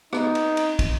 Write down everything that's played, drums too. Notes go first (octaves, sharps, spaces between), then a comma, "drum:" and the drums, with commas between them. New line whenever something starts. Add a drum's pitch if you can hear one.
B3 D#4, drum: rim click
drum: cymbal
drum: cymbal
drum: kick, cymbal